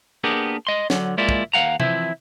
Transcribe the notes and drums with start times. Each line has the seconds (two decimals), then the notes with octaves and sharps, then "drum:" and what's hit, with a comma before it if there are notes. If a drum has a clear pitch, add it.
0.24 A#3 B3 D4 G4 G#4 A#4
0.67 D#5 C6
0.90 D3 F#3, drum: snare
1.18 G#3 A#3 E4 F4 D5
1.29 drum: kick
1.53 D#2 A3 F5 F#5 A#5
1.80 E3 F3 C4 E4, drum: tom C3